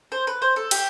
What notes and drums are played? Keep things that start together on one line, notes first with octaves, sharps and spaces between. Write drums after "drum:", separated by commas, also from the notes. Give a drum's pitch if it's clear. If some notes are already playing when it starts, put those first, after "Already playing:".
C5
B4
C5
A4
G4, drum: cymbal